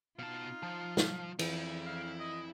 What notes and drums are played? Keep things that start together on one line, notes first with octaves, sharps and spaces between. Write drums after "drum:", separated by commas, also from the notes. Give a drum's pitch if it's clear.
B2 D#4 F4 F5 A5
F3 A5
drum: snare
F2 E3 E4, drum: cymbal
F5
D#5